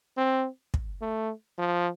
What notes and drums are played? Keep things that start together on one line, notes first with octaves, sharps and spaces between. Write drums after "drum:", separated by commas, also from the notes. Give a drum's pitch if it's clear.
C4
drum: kick
A3
F3